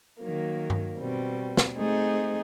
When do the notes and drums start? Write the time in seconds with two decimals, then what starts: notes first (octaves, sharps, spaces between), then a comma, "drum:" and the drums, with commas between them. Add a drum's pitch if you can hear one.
0.22 D#3 F#3 A#3
0.70 drum: tom G2
0.99 B2 G3 C4
1.57 drum: snare
1.75 A3 C4 D#4 G#4